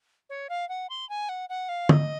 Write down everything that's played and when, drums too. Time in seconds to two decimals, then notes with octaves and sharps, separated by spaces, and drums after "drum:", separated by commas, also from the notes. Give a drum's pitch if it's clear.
0.30 C#5
0.50 F5
0.69 F#5
0.90 C6
1.09 G#5
1.29 F#5
1.49 F#5
1.69 F5
1.89 D#5, drum: tom